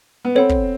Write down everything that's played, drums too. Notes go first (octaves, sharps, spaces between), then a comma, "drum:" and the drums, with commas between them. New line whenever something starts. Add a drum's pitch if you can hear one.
B3
C4 A4 C#5 F#5 B5
drum: kick